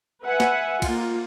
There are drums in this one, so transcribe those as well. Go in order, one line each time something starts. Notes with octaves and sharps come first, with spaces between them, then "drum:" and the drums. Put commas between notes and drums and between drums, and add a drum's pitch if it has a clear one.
B4 E5 F#5 G#5
drum: snare
A#3 F4, drum: kick, cymbal